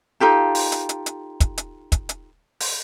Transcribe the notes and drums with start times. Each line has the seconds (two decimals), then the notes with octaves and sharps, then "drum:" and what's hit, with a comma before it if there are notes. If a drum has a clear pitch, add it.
0.20 D#4 F4 G4 A4
0.55 drum: open hi-hat
0.72 drum: hi-hat
0.89 drum: hi-hat
1.06 drum: hi-hat
1.40 drum: kick, hi-hat
1.58 drum: hi-hat
1.92 drum: kick, hi-hat
2.09 drum: hi-hat
2.60 drum: open hi-hat